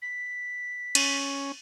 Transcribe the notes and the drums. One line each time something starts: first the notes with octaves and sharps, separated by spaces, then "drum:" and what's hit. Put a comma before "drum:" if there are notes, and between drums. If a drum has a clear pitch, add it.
B6
C#4, drum: cymbal